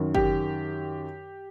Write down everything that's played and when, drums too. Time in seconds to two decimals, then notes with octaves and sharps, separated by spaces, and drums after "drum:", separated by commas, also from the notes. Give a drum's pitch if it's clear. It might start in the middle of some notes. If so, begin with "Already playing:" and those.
Already playing: F#2 D#3
0.15 G4, drum: kick G1